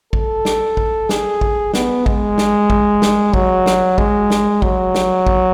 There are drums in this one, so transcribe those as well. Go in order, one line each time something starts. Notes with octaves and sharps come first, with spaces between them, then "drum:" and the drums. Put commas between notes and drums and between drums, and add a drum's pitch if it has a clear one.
A4, drum: kick A1
drum: snare
drum: kick A1
G#4, drum: snare
drum: kick A1
B3, drum: snare
G#3, drum: kick A1
drum: snare
drum: kick A1
drum: snare
F#3, drum: kick A1
drum: snare
G#3, drum: kick A1
drum: snare
F#3, drum: kick A1
drum: snare
drum: kick A1